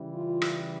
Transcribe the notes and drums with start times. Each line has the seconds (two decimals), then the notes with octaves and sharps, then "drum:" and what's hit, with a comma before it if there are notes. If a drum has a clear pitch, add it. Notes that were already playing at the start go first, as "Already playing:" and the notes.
Already playing: C#3 E3 G3
0.13 F4
0.42 drum: rim click